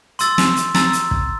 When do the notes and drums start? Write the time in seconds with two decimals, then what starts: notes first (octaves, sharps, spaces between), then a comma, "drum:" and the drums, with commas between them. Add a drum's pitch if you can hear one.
0.19 C6 E6 A6, drum: hi-hat
0.38 drum: snare
0.56 drum: hi-hat
0.75 A#5 E6 A6, drum: snare
0.93 drum: hi-hat
1.11 drum: kick